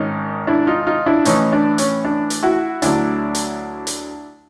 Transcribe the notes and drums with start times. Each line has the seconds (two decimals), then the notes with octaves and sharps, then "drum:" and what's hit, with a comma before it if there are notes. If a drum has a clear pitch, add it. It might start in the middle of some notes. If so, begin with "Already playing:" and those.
Already playing: G#1 G#2 D#3 C#4 D#4
0.47 D4 E4
0.67 D#4 F4
0.87 D#4 F4
1.06 D4 E4
1.25 A2 E3 A3 C#4 D#4, drum: hi-hat
1.52 D4
1.78 C#4, drum: hi-hat
2.05 D4
2.30 drum: hi-hat
2.43 E4 F#4
2.82 D2 D3 F#3 D4 E4, drum: hi-hat
3.35 drum: hi-hat
3.87 drum: hi-hat